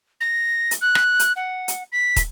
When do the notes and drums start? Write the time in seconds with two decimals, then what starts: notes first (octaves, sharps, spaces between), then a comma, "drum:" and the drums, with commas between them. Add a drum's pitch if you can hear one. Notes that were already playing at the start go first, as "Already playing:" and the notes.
0.21 A#6
0.71 drum: hi-hat
0.81 F#6
0.95 drum: rim click
1.19 drum: hi-hat
1.36 F#5
1.68 drum: hi-hat
1.92 B6
2.16 drum: kick, hi-hat